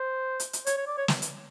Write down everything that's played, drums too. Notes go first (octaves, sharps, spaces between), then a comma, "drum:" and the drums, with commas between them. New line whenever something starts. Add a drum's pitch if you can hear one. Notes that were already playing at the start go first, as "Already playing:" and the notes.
Already playing: C5
drum: hi-hat
drum: hi-hat
C#5, drum: hi-hat
C#5
D5
C#5
drum: snare
drum: hi-hat